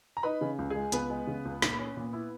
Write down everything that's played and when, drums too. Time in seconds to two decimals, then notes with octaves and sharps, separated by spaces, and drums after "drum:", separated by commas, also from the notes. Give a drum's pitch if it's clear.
0.17 A#5
0.23 D#4 B4 B5
0.41 C#3
0.59 C#2
0.70 G#3 G#4 G#5
0.92 C#2 B3 B4, drum: hi-hat
1.10 G#3
1.27 C#3
1.45 C#2
1.62 A#2, drum: snare
1.79 C#4
1.97 A#2
2.13 E4